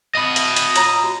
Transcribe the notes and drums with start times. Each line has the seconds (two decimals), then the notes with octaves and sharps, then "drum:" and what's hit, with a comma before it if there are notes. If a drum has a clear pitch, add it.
0.15 D#5 B5
0.36 E5, drum: hi-hat
0.56 drum: hi-hat
0.76 F4 C#5 A#5, drum: hi-hat
1.04 F#4